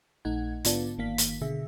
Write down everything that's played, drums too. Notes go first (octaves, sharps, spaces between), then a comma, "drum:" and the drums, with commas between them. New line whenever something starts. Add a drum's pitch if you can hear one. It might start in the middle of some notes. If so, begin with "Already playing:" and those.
A#1 A3 D#4 F#5 G#6
G#2 D3 B3 F4 D5 A5, drum: hi-hat
G1 D#3 A#3 F5 B6
drum: hi-hat
B2 D3 G#4 E5